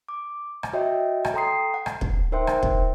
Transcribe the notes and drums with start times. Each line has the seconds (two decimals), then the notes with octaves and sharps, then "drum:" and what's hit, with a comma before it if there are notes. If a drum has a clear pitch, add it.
0.09 D6
0.63 drum: rim click
0.73 F#4 C#5 D#5 E5 G5
1.25 drum: rim click
1.34 A4 G5 A#5 C6 D#6 C7
1.74 F#5
1.86 drum: rim click
2.01 drum: kick
2.32 D#4 A#4 C5 E5 G5 C6
2.47 drum: rim click
2.63 drum: kick